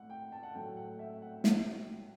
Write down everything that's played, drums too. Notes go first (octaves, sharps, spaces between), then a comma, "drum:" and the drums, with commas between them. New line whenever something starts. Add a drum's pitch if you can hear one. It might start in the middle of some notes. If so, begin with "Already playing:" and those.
Already playing: A2 F#5
G5
A5
F#5
A2 F#3 A3 G5
F#5
E5
F#5
drum: snare